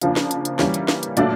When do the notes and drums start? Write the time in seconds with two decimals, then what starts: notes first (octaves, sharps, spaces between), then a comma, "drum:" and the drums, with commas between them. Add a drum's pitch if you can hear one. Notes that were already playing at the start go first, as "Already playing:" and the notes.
0.02 C#3 F3 A#3 D4, drum: hi-hat
0.16 drum: snare
0.31 drum: hi-hat
0.45 drum: hi-hat
0.59 E3 G3 A#3 C#4, drum: snare
0.74 drum: hi-hat
0.88 drum: snare
1.03 drum: hi-hat
1.17 A#2 F#3 A3 D4 D5, drum: hi-hat